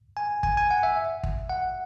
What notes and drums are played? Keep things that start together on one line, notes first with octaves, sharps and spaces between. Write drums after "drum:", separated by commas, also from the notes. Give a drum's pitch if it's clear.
G#5
G#5, drum: kick
G#5
F#5
E5
drum: kick
F#5